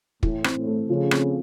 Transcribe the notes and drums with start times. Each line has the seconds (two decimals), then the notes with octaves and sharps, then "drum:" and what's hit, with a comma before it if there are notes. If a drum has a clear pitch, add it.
0.23 A2 E3, drum: kick
0.44 C4, drum: rim click
0.55 A2
0.67 A3
0.89 C#3 F3
1.11 C4, drum: rim click